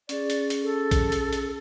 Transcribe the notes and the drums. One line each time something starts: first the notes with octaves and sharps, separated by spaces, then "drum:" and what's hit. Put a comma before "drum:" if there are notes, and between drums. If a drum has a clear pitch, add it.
C#4 G#4 D5, drum: hi-hat
drum: hi-hat
drum: hi-hat
A4
drum: kick A#1, hi-hat
drum: hi-hat
drum: hi-hat